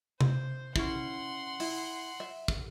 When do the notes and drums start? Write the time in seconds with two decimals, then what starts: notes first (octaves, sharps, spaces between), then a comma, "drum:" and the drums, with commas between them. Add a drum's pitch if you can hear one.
0.21 C5, drum: tom C3
0.76 C#4 E4 F#5 C6, drum: kick
1.60 E4, drum: open hi-hat
2.20 E5
2.48 drum: kick